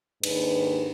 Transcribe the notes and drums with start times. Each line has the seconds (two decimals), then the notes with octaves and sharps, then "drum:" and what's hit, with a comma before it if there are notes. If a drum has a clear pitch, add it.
0.24 D#2 G#2 D4 B4, drum: cymbal